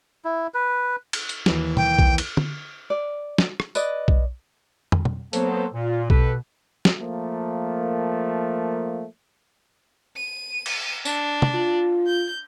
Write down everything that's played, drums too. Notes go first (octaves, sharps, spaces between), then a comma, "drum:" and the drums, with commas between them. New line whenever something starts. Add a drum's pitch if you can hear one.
E4
B4
drum: cymbal
drum: hi-hat
D#2 E3, drum: snare
G5, drum: tom
drum: kick B1
drum: cymbal
drum: tom
D5
drum: snare
drum: rim click
B4 D5 D#5, drum: tambourine
drum: kick B1
drum: tom
drum: tom
F#3 A#3 B3 A4 C5, drum: hi-hat
A#2 F4
B2 G4 A4 B4, drum: kick B1
drum: snare
F3 A3 A#3
D#7
drum: cymbal
D4, drum: tambourine
drum: tom
F4
G6